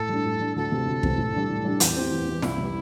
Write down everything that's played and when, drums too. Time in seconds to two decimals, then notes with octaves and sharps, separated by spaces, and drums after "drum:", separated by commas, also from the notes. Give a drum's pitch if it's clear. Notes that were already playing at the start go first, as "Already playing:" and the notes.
Already playing: A2 A4
0.09 G3 D4
0.25 A2
0.40 G3 D4
0.56 D2 A4
0.71 C3 E3 A3 C4
0.87 D2
1.03 C3 E3 A3 C4, drum: kick
1.18 A2
1.33 G3 D4
1.49 A2
1.65 G3 D4
1.80 E2 G4, drum: hi-hat
1.96 E3 C4
2.12 E2
2.27 E3 C4
2.42 C2 E4, drum: snare
2.58 C3 E3 G3